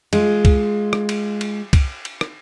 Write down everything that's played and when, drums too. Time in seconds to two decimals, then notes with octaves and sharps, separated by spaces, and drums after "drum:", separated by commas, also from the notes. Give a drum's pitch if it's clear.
0.13 G#3 F4, drum: cymbal
0.45 drum: kick, cymbal
0.93 drum: rim click
1.09 drum: cymbal
1.41 drum: cymbal
1.73 drum: kick, cymbal
2.05 drum: cymbal
2.21 drum: rim click